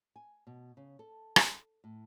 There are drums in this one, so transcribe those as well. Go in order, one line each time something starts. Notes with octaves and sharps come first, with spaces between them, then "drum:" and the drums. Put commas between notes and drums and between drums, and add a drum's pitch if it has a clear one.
G#5
B2
C#3
A4
drum: rim click
A2